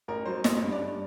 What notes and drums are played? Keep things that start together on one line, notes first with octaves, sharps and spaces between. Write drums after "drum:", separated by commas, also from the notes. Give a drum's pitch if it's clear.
A1 A#4
F#3 C5
A1 D#5, drum: snare
G2
D5
G2